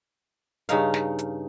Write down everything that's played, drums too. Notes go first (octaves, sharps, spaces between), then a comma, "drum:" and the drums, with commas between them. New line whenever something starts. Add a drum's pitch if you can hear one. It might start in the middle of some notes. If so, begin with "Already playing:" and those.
G2 C#3 D#4 F5, drum: hi-hat
drum: snare
drum: hi-hat